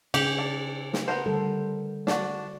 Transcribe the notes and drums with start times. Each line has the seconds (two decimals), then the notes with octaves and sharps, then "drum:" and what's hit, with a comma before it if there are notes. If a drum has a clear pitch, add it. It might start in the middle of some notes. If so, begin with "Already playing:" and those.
0.14 C#3 C#4 G4 G#4, drum: cymbal
0.39 D4
0.93 drum: snare
1.08 B3 A#4 C5
1.26 D3 G3 A4
2.07 D4 F#4 D5, drum: snare